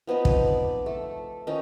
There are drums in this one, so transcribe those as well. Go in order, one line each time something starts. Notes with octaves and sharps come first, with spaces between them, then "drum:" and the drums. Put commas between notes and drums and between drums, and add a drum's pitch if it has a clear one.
F3 B3 C4 D#4
drum: kick
D5
A3 A4
D#3 F3 C#4 D#4